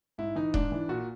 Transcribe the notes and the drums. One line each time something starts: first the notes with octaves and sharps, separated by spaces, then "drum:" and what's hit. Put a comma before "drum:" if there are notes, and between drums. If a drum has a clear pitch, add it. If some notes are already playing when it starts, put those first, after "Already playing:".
G#2 E4
E3 D#4
G#2 D4, drum: kick D#1
E3
A#2 F#4